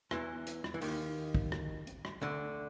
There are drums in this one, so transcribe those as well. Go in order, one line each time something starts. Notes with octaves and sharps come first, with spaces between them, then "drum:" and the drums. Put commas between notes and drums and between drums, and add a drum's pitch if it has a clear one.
E2 E3, drum: rim click
drum: hi-hat
drum: rim click
E3
D#2 D#3, drum: open hi-hat
drum: kick
drum: rim click
drum: hi-hat
drum: rim click
D2 D3